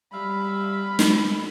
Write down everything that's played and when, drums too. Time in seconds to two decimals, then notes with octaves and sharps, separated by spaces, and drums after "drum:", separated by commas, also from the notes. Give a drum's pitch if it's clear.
0.13 G3 E5 F5 B5
0.99 drum: snare